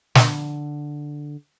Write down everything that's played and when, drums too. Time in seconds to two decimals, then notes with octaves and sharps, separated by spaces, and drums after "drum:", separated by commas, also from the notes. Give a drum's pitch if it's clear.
0.15 D3, drum: snare